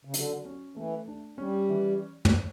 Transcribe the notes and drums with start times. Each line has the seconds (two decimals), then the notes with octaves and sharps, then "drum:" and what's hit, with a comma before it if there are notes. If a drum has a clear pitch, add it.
0.05 C#3
0.14 D3 F#3, drum: hi-hat
0.45 C#4
0.76 E3 A3
1.08 D4
1.38 G3 C#4
1.69 E3
2.25 drum: tom